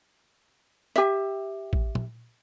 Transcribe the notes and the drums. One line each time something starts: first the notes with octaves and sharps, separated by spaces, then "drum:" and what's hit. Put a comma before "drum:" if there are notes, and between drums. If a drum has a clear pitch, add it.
G4 E5, drum: hi-hat
drum: kick A1
drum: tom